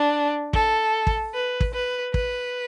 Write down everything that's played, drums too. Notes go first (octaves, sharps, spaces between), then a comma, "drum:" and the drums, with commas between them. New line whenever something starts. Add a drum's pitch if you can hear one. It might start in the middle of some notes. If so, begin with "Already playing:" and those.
Already playing: D4
A4, drum: kick
drum: kick
B4
drum: kick
B4
B4, drum: kick